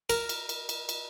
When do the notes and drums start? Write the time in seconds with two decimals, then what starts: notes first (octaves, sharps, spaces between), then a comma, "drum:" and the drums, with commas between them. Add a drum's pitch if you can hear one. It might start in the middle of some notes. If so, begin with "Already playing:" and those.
0.10 A#4, drum: cymbal
0.29 drum: cymbal
0.49 drum: cymbal
0.69 drum: cymbal
0.89 drum: cymbal